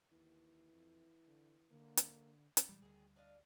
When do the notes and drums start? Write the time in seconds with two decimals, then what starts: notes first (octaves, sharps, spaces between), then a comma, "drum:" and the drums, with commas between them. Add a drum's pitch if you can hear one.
0.12 D#2 E3
0.72 F2
1.27 D3
1.71 D3 A#3
1.97 drum: hi-hat
2.57 drum: hi-hat
2.69 A#2 E3 G3 G#3
2.82 D2 D#3 G#4
3.16 D4 D#5 F5